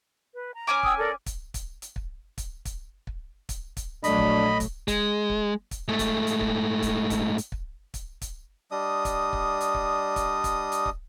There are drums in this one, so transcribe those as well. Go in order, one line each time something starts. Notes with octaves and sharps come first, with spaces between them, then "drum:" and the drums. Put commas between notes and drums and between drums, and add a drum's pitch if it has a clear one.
B4
A#5
C#4 G#5 D6
G5 D#6 E6, drum: kick
A4 A#4 D5
drum: kick, hi-hat
drum: kick, hi-hat
drum: hi-hat
drum: kick
drum: kick, hi-hat
drum: kick, hi-hat
drum: kick
drum: kick, hi-hat
drum: kick, hi-hat
A#1 F#3 A3 D4 D#5 B5, drum: hi-hat
drum: kick
drum: kick, hi-hat
G#3, drum: kick, hi-hat
drum: kick
drum: kick, hi-hat
G#2 A3
drum: kick, hi-hat
drum: hi-hat
drum: kick
drum: kick, hi-hat
drum: kick, hi-hat
drum: hi-hat
drum: kick
drum: kick, hi-hat
drum: kick, hi-hat
G3 D4 D#5 D#6
drum: kick, hi-hat
drum: kick
drum: hi-hat
drum: kick
drum: kick, hi-hat
drum: kick, hi-hat
drum: hi-hat
drum: kick